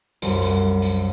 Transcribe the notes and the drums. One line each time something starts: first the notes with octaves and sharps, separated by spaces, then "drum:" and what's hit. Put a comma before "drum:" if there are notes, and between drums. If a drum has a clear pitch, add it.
C2 F#2, drum: tambourine
drum: tambourine
drum: tambourine